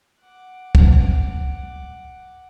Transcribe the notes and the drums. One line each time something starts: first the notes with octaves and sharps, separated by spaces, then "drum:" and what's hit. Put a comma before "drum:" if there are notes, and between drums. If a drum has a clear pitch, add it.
F#5 D6
drum: kick